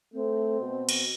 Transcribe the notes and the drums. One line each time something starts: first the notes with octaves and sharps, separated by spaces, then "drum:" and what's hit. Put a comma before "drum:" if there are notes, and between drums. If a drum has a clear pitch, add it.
A3 C4
B2
drum: cymbal